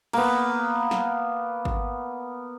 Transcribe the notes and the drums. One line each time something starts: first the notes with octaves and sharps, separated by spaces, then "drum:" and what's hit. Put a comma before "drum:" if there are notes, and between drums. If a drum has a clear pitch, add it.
A#3 B3, drum: cymbal
drum: snare
drum: kick G#1